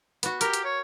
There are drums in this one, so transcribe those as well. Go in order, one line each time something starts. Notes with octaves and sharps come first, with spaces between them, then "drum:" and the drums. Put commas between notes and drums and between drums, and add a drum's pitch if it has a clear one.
B3 F#4, drum: hi-hat
G4 A#4, drum: hi-hat
drum: hi-hat
C#5